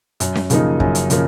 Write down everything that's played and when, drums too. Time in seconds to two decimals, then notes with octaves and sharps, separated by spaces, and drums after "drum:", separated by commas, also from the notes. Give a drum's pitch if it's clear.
0.20 F#2, drum: hi-hat
0.35 drum: snare C#4
0.50 C#3 F3 A#3 D#4, drum: hi-hat
0.80 F#2, drum: kick
0.95 drum: hi-hat
1.10 C#3 F3 A#3, drum: hi-hat